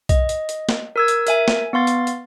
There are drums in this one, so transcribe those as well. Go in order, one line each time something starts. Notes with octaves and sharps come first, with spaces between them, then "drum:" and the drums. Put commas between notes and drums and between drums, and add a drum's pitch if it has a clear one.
D#5, drum: kick, hi-hat
drum: hi-hat
drum: hi-hat
drum: snare
A#4 E6 G#6
drum: hi-hat
A#4 E5 G#5, drum: hi-hat
drum: snare
B3 F5 C6 A6
drum: hi-hat
drum: hi-hat